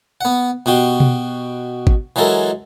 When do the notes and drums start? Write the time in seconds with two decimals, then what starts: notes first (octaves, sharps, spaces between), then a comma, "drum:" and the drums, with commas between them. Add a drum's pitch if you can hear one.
0.21 B3 F#5
0.66 B2 F#4 G4
1.00 drum: tom B2
1.87 drum: kick G#1
2.16 E3 F#3 G#3 A4 A#4